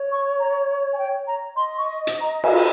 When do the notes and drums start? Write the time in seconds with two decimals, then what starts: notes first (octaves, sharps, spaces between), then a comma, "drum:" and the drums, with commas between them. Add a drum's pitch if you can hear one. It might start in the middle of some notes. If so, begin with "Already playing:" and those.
Already playing: C#5
0.12 C#6
0.40 A#5
0.93 G#5
0.98 G5
1.27 A#5
1.56 D#5 C6
1.78 C#6
2.07 drum: hi-hat
2.21 A#5
2.44 G#5, drum: cymbal